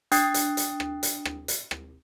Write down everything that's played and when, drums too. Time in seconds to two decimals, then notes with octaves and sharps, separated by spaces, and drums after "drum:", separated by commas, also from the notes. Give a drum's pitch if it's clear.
0.12 D4 G5 D#6 F#6 A6 C7, drum: hi-hat
0.34 drum: hi-hat
0.57 drum: hi-hat
0.80 drum: rim click
1.03 drum: hi-hat
1.25 drum: rim click
1.48 drum: hi-hat
1.71 drum: rim click